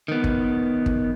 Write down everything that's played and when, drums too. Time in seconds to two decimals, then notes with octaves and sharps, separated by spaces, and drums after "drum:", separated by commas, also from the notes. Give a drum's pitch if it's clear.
0.08 D#3 B3
0.24 drum: kick
0.86 drum: kick